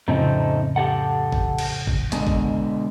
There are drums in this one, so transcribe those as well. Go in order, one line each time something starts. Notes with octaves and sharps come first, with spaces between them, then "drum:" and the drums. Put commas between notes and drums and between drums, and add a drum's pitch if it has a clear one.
F2 A2 C#3 A3 C4 D#4
G4 A4 F#5
drum: kick G#1
drum: cymbal
drum: kick G#1
B2 D3 G#3, drum: hi-hat
drum: kick G#1